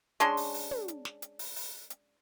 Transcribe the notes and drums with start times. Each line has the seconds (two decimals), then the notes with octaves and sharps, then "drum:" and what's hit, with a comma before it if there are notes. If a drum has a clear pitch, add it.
0.20 G#3 C#4 D4 C6, drum: hi-hat
0.37 drum: open hi-hat
0.54 drum: open hi-hat
0.71 drum: tom
0.88 drum: hi-hat
1.05 drum: snare
1.22 drum: hi-hat
1.39 drum: open hi-hat
1.56 drum: open hi-hat
1.90 drum: hi-hat